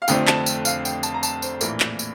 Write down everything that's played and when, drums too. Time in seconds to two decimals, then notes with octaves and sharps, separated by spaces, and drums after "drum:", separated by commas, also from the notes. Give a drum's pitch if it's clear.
0.02 F5
0.08 F1 F2 D3 A3 C4 G5, drum: tambourine
0.27 A5, drum: clap
0.46 drum: tambourine
0.65 F5, drum: tambourine
0.85 G5, drum: tambourine
1.03 A5, drum: tambourine
1.14 A#5
1.23 A5, drum: tambourine
1.42 C5, drum: tambourine
1.61 A#1 A2 E3 A#3 A#4, drum: tambourine
1.80 drum: clap
1.99 drum: tambourine